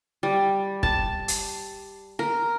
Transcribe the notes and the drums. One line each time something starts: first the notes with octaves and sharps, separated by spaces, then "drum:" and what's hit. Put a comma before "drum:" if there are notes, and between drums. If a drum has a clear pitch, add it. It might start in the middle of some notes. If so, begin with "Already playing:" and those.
G3
A5, drum: kick
drum: hi-hat
A#4